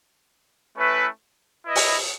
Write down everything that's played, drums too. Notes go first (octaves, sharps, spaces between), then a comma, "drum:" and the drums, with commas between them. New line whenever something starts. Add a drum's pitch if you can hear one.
A3 C#4 E4 B4 E5
E4 B4 D#5
drum: open hi-hat